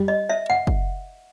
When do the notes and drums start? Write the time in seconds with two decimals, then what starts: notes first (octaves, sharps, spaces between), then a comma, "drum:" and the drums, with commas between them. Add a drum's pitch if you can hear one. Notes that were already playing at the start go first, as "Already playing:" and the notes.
Already playing: G3
0.08 D#5
0.29 E5
0.50 F#5
0.67 drum: kick